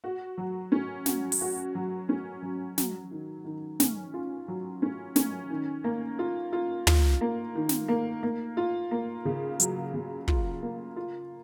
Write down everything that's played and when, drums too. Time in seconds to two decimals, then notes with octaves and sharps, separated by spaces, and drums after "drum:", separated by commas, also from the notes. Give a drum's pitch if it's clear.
0.04 F#4
0.38 F#3
0.72 C#4
1.06 F#4, drum: snare
1.32 drum: open hi-hat
1.41 F#4
1.75 F#3
2.09 C#4
2.42 F#3
2.78 F#3, drum: snare
3.11 D#3
3.45 D#3
3.80 C#4, drum: snare
4.14 F4
4.48 F#3
4.82 C#4
5.16 C#4, drum: snare
5.50 D#3
5.84 A#3
6.19 F4
6.53 F4
6.87 F4, drum: tom
7.21 A#3
7.55 D#3
7.69 drum: snare
7.88 A#3
8.23 A#3
8.57 F4
8.91 A#3
9.25 C#3
9.60 F#3, drum: hi-hat
9.94 C#3
10.28 F4, drum: kick
10.62 A#3
10.96 F4